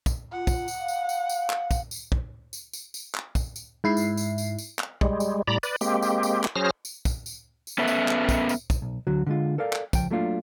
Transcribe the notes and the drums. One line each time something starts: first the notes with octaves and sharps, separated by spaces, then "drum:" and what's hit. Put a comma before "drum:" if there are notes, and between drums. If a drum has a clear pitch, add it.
drum: kick, tambourine
F4 F#5
drum: kick, tambourine
drum: tambourine
F5
drum: tambourine
drum: tambourine
drum: tambourine
drum: clap
drum: kick, tambourine
drum: tambourine
drum: kick
drum: tambourine
drum: tambourine
drum: tambourine
drum: clap
drum: kick, tambourine
drum: tambourine
G#2 E4 C7
drum: tambourine
drum: tambourine
drum: tambourine
drum: tambourine
drum: clap
G3 G#3, drum: kick
drum: tambourine
A2 G3 D5 A#5 B5
B4 D5, drum: tambourine
G#3 A#3 C4 G4, drum: tambourine
drum: tambourine
drum: tambourine
drum: clap
F#3 C#4 G#4 C5 F6 A#6
drum: tambourine
drum: kick, tambourine
drum: tambourine
drum: tambourine
B3 C#4 A4 B4 E5
drum: tambourine
drum: clap
drum: kick, tambourine
drum: tambourine
drum: kick, tambourine
B1
D2 D3 F#3 F#4
D3 G#3 F4
A4 A#4 D5 F5
drum: clap
C#2 F3 G5, drum: kick, tambourine
F#3 A3 A#3 D4 F4